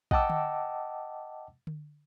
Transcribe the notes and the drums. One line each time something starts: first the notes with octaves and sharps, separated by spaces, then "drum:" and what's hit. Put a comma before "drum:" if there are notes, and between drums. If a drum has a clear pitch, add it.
D#5 F#5 G5 A5 D6 E6, drum: kick
drum: tom D3
drum: tom D3